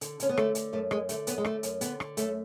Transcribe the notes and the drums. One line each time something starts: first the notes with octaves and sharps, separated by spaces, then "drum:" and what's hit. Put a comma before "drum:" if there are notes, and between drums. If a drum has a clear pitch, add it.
D3, drum: hi-hat
D3 C#4, drum: hi-hat
B3
D3 A3, drum: rim click
D3, drum: hi-hat
F#2 A3
F#2 G#3, drum: rim click
D3 A3, drum: hi-hat
F#2 B3, drum: hi-hat
G#3
D3 A3, drum: rim click
F#2, drum: hi-hat
D3 B3, drum: hi-hat
D3, drum: rim click
F#2 A3, drum: hi-hat